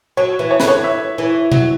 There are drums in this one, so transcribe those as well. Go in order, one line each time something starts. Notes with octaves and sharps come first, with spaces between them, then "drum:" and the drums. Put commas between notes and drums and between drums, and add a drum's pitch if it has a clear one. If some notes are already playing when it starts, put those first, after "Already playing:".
F#3 C#5
E3
C#5
D3 B4, drum: snare
C#5
E5
E3
F#3, drum: tom B2